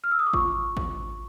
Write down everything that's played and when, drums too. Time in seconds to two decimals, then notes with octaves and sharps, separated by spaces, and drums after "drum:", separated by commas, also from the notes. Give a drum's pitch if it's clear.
0.04 F6
0.11 E6
0.19 D#6
0.27 D6
0.33 F4 C#6, drum: kick G#1
0.77 drum: kick G#1